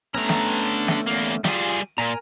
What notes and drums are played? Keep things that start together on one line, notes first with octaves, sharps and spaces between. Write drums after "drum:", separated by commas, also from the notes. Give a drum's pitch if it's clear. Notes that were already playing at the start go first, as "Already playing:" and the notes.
D3 A3 B3 C#4 A#5
drum: snare
drum: snare
E2 A#3
G3 F4 G#4, drum: snare
A#2 A#4 G#5 A#5